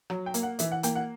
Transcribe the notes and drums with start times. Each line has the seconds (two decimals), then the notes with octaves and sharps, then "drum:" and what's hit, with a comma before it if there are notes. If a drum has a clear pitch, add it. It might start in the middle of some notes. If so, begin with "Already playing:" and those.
0.10 F#3, drum: rim click
0.26 G5
0.34 A#3, drum: hi-hat
0.43 F#5
0.59 E3 E5, drum: hi-hat
0.71 F#5
0.83 A#3 G5, drum: hi-hat
0.95 F#5